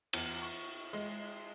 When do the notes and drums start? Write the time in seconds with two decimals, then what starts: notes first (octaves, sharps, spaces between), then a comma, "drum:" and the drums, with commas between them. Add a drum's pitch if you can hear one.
0.13 E2, drum: cymbal
0.42 C#6
0.93 G#3